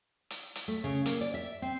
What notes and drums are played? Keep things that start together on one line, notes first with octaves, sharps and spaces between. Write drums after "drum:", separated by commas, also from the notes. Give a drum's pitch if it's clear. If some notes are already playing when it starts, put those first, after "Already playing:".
drum: hi-hat
drum: hi-hat
A3
C#3
A#3, drum: hi-hat
D5
E5
C4